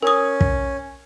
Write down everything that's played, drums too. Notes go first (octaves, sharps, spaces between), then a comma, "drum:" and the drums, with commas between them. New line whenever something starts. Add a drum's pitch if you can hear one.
C#4 A#4 D#6
drum: kick